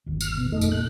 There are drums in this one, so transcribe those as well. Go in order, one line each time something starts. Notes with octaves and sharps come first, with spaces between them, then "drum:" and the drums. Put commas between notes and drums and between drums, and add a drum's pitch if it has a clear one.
G1 D#2
F6, drum: tambourine
B2
F1 A3 D#4
drum: tambourine
A#1 A3 A#3 F#6